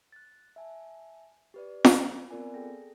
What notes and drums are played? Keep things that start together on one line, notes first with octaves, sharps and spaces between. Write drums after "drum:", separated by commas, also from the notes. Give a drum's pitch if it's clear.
F#6 A6
E5 G#5 A5
G4 B4 D5
B5, drum: snare
B3 C4 F4 A#4 D5 G#5
G#4 A4 G5 A#6